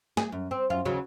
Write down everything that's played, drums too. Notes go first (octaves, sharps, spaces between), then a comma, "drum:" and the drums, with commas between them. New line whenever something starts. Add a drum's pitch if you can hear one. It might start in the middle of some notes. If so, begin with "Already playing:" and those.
G#4, drum: snare
F#2
C4
F#2 F4
D#2 C#3 F#3